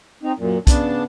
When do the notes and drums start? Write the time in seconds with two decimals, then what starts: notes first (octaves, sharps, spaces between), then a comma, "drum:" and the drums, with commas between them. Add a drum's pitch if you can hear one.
0.23 C4 D#4
0.37 F#2 A#2
0.67 C#3 B3 D4 A5, drum: kick, hi-hat